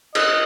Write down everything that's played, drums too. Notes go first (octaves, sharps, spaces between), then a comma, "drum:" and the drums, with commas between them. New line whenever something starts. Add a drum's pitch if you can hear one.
D#5, drum: cymbal